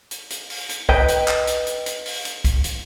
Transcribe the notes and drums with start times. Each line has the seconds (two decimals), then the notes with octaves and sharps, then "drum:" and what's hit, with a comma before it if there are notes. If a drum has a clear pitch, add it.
0.11 drum: hi-hat
0.30 drum: hi-hat
0.50 drum: open hi-hat
0.69 drum: hi-hat
0.89 B4 D#5 G5, drum: kick
1.08 drum: hi-hat
1.28 drum: clap
1.47 drum: hi-hat
1.67 drum: hi-hat
1.86 drum: hi-hat
2.06 drum: open hi-hat
2.25 drum: hi-hat
2.44 drum: kick, hi-hat
2.64 drum: hi-hat